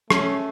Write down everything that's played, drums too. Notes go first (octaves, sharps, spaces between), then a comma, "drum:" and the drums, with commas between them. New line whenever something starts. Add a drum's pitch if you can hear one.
A3 C#4, drum: rim click